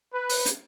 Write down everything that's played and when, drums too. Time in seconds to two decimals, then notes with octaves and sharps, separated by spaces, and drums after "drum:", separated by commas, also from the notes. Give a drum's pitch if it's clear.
0.13 B4
0.29 drum: open hi-hat
0.46 drum: hi-hat